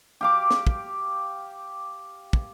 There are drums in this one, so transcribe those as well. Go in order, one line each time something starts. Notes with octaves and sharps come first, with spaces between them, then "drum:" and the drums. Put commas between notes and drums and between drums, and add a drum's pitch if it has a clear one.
G4 F5 D6
drum: snare
drum: kick
drum: kick